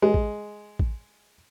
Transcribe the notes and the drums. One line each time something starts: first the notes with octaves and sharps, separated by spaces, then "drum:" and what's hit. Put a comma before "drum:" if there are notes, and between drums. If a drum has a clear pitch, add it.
G#3
drum: kick A1
drum: kick A1